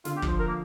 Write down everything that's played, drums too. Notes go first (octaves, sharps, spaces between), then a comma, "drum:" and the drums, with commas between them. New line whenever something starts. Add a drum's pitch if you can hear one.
D3 F4, drum: snare
G4
F3, drum: kick
C5
A#4
A#3